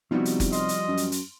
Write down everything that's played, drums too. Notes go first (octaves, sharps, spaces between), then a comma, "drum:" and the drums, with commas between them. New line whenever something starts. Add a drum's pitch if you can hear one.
C3 F3 G3 B3 D#4 E4 F#4
drum: hi-hat
drum: kick F#1, hi-hat
D#5 C6 F6, drum: hi-hat
drum: hi-hat
F#2
drum: hi-hat
drum: hi-hat